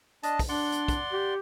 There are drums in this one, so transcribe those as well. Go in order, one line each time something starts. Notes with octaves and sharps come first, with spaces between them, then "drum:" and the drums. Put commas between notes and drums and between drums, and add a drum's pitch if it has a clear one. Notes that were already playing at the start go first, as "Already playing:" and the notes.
D4 D#5 A5, drum: hi-hat
drum: kick, open hi-hat
D4 D5 F#5 C6
drum: hi-hat
drum: kick, hi-hat
G4